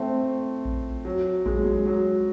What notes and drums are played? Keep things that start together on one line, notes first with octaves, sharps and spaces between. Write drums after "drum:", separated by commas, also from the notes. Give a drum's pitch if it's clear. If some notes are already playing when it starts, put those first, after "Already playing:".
Already playing: A3 C4
drum: kick A#1
F#3
G#3, drum: kick A#1
F#3
G#3
F#3